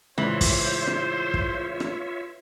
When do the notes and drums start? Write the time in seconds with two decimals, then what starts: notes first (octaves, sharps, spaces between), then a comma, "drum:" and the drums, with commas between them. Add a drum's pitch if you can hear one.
0.18 A2 C#3 E3 G#3 F4 C5 C#5 E5
0.41 drum: kick, open hi-hat
0.87 drum: rim click
1.34 drum: kick
1.80 drum: rim click